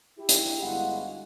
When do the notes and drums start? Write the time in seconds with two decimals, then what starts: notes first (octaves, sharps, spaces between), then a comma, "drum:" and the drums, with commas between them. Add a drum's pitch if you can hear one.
0.19 E4 G4
0.29 drum: hi-hat
0.62 G1 G#3 E4 F#4 F5 F#5